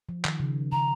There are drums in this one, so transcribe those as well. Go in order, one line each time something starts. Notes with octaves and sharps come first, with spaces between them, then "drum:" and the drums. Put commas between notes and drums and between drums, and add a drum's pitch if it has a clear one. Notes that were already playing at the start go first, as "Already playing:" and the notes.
F3
D#3, drum: clap
C#3
C#3 A#5